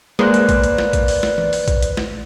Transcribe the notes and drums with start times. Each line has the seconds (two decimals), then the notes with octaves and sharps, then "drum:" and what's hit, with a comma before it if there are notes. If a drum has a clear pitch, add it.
0.19 G#3 A#3 B4 C5 D5 F#6, drum: snare
0.34 drum: hi-hat
0.49 drum: kick A#1, hi-hat
0.64 drum: hi-hat
0.78 drum: snare
0.93 drum: kick A#1, hi-hat
1.08 drum: open hi-hat
1.23 drum: snare
1.38 drum: tom E3
1.53 drum: open hi-hat
1.68 drum: kick A#1, hi-hat
1.83 drum: hi-hat
1.97 drum: snare